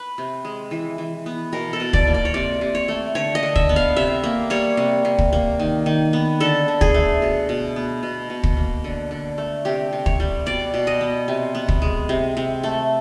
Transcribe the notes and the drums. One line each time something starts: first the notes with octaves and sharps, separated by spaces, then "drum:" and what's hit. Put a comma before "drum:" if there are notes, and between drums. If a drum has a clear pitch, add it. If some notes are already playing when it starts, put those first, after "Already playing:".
Already playing: B4
C3
G#3
E3
E3
B3
B2 A#4
A4
B2
D5, drum: kick
A#3
D5
C#5
C3 D5
C3
C#5
A3
D3 C#5
D#5
D3
E5, drum: kick
B3
F5
C3 E5
A#3
G3 C#5
C3
C3
drum: kick
A#3
D#3
D#3
B3
D3 A4
D3
G#4, drum: kick
A3
B2
B2
B3
B2
B2
drum: kick
A#3
D3
D3
A3
C3 G4
C3
C#5, drum: kick
G3
B2 D5
B2
D#5
B3
C3
B3
drum: kick
G#3
C3
C3
A3